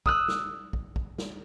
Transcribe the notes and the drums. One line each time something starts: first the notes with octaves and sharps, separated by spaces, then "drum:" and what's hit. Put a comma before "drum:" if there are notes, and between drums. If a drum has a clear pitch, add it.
D#6 E6 F#6, drum: kick
drum: snare
drum: kick
drum: kick
drum: snare